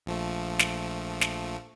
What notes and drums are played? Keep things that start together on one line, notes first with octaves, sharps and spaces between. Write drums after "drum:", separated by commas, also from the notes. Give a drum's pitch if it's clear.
A#1 F3 A3
drum: snare
drum: snare